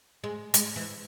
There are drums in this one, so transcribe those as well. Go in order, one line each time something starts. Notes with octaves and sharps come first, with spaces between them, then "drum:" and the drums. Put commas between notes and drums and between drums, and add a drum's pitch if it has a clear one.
G#3
G#3, drum: hi-hat
E3